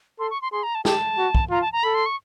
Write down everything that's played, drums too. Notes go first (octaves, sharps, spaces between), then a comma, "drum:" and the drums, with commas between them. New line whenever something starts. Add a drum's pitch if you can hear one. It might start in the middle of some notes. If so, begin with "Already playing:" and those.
A4 C6
C#6
C6
G#4 C6
A#5
A5
G4 A5, drum: snare
F#4
drum: kick
F4 A#5
A5
A#5
A4 B5
C6
C#6